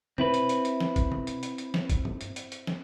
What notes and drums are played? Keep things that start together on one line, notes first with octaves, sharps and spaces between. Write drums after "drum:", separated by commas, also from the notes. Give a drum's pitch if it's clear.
C4 E4 B4, drum: tom B2
drum: hi-hat
drum: hi-hat
drum: hi-hat
drum: snare
drum: kick, hi-hat
drum: tom B2
drum: hi-hat
drum: hi-hat
drum: hi-hat
drum: snare
drum: kick, hi-hat
drum: tom G2
drum: hi-hat
drum: hi-hat
drum: hi-hat
drum: snare